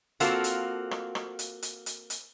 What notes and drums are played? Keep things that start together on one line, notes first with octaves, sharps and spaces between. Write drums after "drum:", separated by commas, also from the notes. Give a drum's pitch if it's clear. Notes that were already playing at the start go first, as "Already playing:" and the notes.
A#3 C4 F4 F#4 A4, drum: hi-hat
drum: hi-hat
drum: rim click
drum: rim click
drum: hi-hat
drum: hi-hat
drum: hi-hat
drum: hi-hat